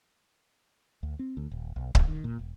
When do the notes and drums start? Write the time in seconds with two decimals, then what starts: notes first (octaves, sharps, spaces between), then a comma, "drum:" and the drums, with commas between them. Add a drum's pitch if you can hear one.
1.03 D2
1.19 C4
1.37 D2
1.51 D#1
1.76 B1
1.95 C#2, drum: kick C#1
2.08 D#3
2.24 A#2
2.39 E1